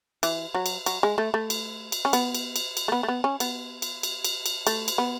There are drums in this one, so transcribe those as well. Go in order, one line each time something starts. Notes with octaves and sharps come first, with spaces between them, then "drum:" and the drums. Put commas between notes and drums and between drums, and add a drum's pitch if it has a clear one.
E3, drum: cymbal
F#3
drum: cymbal
F#3, drum: cymbal
G#3
A3
A3
drum: cymbal
drum: cymbal
C#4
B3, drum: cymbal
drum: cymbal
drum: cymbal
drum: cymbal
A3
B3
A3
B3
C#4
B3, drum: cymbal
drum: cymbal
drum: cymbal
drum: cymbal
drum: cymbal
A3, drum: cymbal
drum: cymbal
B3